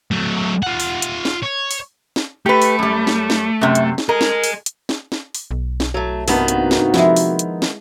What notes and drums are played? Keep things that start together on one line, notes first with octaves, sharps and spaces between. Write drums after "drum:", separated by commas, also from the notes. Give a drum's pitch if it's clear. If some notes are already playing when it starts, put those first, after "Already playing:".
F#3 A3
F4 F#5
drum: open hi-hat
drum: hi-hat
drum: snare
C#5
drum: open hi-hat
drum: snare
A3 G4 B4
drum: open hi-hat
F#2 G3
drum: snare
drum: snare
F#2 C3
drum: hi-hat
drum: snare
G#4 A#4 D#5
drum: snare
drum: open hi-hat
drum: hi-hat
drum: snare
drum: snare
drum: open hi-hat
B1
drum: snare
F#3 A3
G2 C3 D#3 A#3 B3 D#4 F#4, drum: open hi-hat
drum: hi-hat
drum: snare
F3 G#3 E4, drum: snare
drum: open hi-hat
drum: hi-hat
drum: snare